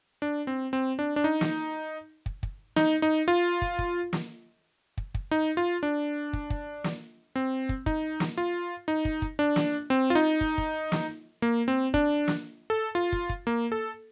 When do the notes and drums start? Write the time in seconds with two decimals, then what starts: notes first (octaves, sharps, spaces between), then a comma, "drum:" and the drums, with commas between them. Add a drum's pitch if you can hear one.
0.22 D4
0.47 C4
0.73 C4
0.99 D4
1.16 D4
1.24 D#4
1.41 drum: snare
2.26 drum: kick
2.43 drum: kick
2.76 D#4, drum: snare
3.02 D#4
3.28 F4
3.62 drum: kick
3.79 drum: kick
4.13 drum: snare
4.98 drum: kick
5.14 drum: kick
5.31 D#4
5.57 F4
5.83 D4
6.33 drum: kick
6.50 drum: kick
6.84 drum: snare
7.36 C4
7.69 drum: kick
7.86 D#4, drum: kick
8.20 drum: snare
8.37 F4
8.88 D#4
9.05 drum: kick
9.22 drum: kick
9.39 D4
9.56 drum: snare
9.90 C4
10.10 F4
10.15 D#4
10.41 drum: kick
10.58 drum: kick
10.92 drum: snare
11.42 A#3
11.68 C4
11.94 D4, drum: kick
12.28 drum: snare
12.70 A4
12.95 F4
13.12 drum: kick
13.29 drum: kick
13.47 A#3
13.72 A4